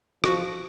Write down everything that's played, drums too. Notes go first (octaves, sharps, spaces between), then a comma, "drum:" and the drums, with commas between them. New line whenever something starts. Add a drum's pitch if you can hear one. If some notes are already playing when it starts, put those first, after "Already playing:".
F3 F#4, drum: rim click